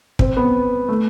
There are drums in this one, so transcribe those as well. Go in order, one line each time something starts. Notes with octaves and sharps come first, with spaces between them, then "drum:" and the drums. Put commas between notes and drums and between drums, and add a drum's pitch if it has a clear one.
C4, drum: kick
B3
A3